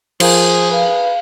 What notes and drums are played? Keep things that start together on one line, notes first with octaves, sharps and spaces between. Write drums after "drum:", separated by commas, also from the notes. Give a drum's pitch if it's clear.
F3 F4 G#4 A#4 C5, drum: cymbal
B4 F5